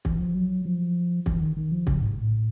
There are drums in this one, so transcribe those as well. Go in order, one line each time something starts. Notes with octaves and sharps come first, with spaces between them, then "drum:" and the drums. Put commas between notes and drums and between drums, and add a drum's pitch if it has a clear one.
E3, drum: kick
F3
F#3
F3
E3, drum: kick
D#3
D#3
F3
C#3, drum: kick
G#2
A2